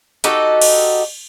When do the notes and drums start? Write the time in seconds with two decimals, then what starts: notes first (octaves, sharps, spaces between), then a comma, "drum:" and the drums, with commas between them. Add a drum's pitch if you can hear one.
0.24 D#4 F#4 G4 A4, drum: hi-hat
0.62 drum: cymbal